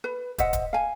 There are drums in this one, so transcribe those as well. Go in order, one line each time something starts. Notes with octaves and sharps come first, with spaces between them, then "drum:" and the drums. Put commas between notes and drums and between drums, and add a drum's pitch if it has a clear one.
B4
C5 D#5 E5 F#5, drum: kick, hi-hat
drum: kick, hi-hat
F5 G#5